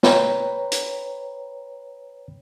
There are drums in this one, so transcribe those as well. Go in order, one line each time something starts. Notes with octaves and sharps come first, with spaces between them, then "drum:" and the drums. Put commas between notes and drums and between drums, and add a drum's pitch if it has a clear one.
B4 C#5 G5 A#5 B5, drum: snare
drum: hi-hat